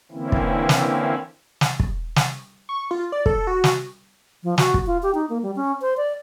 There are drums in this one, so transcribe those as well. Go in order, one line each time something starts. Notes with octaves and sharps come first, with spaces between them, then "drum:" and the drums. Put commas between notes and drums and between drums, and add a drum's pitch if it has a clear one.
D3 E3 A#3 C4 C#4 E4
drum: kick
drum: snare
drum: snare
drum: kick
drum: snare
C#6
F4
D5
A4, drum: kick
F#4
drum: snare
F3
F#4, drum: snare
drum: kick
F4
G4
D#4
A#3
G3
C#4
C5
D5